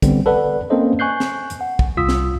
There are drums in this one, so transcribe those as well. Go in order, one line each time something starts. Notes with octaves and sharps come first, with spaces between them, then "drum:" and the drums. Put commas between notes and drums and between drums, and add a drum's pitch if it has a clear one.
D3 G3 B3 C4, drum: kick, hi-hat
A4 B4 D5 F#5
A#3 C4 C#4 A4 C5 D#5
G#5 C#6 F#6 G6 C7
drum: snare
drum: hi-hat
F#5
drum: kick
C2 F4 D#6 E6 B6
drum: snare